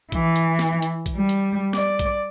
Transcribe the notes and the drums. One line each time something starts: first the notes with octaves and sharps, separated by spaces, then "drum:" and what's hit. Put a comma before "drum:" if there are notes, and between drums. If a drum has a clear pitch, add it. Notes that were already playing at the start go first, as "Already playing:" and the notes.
E3, drum: kick A#1, hi-hat
drum: hi-hat
drum: snare
drum: hi-hat
drum: kick A#1, hi-hat
G3
drum: hi-hat
D5, drum: snare
drum: kick A#1, hi-hat